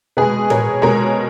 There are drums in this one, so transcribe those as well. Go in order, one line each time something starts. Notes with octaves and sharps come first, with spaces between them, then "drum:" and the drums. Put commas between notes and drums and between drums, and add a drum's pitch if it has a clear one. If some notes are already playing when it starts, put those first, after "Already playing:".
B2 G#3 G#4 B4
A#4 C#5, drum: tom A2
B2 G#3 A#4 C#5